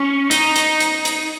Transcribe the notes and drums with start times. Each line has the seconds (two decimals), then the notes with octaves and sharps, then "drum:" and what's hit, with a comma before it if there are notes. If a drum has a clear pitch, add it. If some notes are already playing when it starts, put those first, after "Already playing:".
Already playing: C#4
0.31 D#4, drum: hi-hat
0.56 drum: hi-hat
0.80 drum: hi-hat
1.05 drum: hi-hat